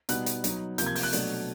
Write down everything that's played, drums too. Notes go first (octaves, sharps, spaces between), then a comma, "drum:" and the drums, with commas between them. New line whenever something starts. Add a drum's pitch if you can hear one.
B2 G3 B3 D#4 F#6, drum: hi-hat
drum: hi-hat
F#3 B3 D#4, drum: hi-hat
C3 F3 A#3 G6, drum: hi-hat
G#6
G6, drum: open hi-hat
F#6
B2 F#3 A3 D4, drum: hi-hat